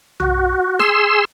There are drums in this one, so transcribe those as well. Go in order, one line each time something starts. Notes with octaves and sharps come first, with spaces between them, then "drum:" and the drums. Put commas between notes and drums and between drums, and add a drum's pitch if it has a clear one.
F#4, drum: tom B1
G#4 C6 E6, drum: snare